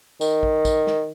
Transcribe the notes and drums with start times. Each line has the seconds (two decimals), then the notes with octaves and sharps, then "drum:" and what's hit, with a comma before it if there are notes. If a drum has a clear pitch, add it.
0.21 D#3, drum: tambourine
0.43 drum: kick
0.65 drum: kick, tambourine
0.87 drum: snare